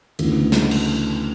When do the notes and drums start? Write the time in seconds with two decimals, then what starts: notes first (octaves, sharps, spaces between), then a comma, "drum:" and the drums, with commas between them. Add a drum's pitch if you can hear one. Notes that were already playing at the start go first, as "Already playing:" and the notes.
0.19 D2 C#3 E3 B3, drum: cymbal
0.52 drum: snare
0.71 drum: cymbal